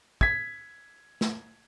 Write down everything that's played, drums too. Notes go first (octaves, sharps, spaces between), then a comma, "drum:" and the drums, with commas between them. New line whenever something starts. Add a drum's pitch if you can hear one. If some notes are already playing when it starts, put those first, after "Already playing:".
G#6 B6, drum: kick
drum: snare